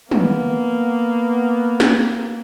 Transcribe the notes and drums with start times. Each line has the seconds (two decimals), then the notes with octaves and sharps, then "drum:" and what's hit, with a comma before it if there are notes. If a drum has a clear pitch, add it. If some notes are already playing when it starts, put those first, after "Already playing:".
0.11 A#3 B3, drum: tom
1.80 drum: snare